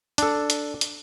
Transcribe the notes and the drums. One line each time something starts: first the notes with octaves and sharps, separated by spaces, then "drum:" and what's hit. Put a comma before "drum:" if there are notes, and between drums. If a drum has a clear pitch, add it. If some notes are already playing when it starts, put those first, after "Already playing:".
D4 A4, drum: hi-hat
drum: hi-hat
drum: hi-hat